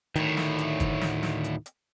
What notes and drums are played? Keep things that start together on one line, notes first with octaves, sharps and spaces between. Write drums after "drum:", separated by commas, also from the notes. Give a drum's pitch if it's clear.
D2 A2 D#3, drum: hi-hat
drum: snare
drum: hi-hat
drum: kick, hi-hat
drum: snare
drum: snare
drum: hi-hat
drum: hi-hat